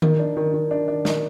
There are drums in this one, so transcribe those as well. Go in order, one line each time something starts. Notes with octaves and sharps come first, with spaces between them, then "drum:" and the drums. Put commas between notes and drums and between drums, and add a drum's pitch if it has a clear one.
D#3, drum: tom D#3
D4
D#3
D#3
D4
D4
D#3, drum: snare